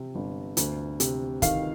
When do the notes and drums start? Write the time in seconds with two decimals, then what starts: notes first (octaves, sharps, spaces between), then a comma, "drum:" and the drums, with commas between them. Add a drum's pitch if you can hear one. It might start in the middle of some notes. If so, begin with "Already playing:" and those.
Already playing: C3
0.15 G1
0.57 D2, drum: hi-hat
1.00 C3, drum: hi-hat
1.42 D#3 F5, drum: kick, hi-hat